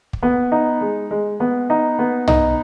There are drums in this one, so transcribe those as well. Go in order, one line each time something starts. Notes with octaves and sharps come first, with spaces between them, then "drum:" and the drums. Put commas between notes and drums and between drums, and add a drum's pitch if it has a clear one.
drum: kick
B3
D#4
G#3
G#3
B3
D#4
B3
D#4, drum: tom